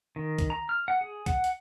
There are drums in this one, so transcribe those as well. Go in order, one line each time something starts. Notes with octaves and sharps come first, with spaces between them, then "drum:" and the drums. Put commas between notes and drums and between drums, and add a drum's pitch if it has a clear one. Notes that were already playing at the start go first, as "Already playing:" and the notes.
D#3
drum: kick, hi-hat
A#5
F6
F#5
G#4
F#5, drum: kick, hi-hat
drum: hi-hat